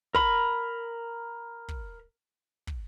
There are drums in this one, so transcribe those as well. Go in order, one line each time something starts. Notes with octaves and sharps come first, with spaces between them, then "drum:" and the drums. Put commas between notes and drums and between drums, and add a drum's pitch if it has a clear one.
A#4 B5, drum: kick
drum: kick
drum: kick